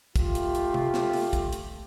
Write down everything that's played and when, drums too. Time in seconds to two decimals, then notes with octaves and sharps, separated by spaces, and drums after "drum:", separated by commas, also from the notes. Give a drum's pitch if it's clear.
0.16 A3 F4 G4, drum: kick, hi-hat
0.35 drum: hi-hat
0.55 drum: hi-hat
0.74 drum: tom
0.94 drum: snare
1.13 drum: open hi-hat
1.33 drum: kick, hi-hat
1.53 drum: hi-hat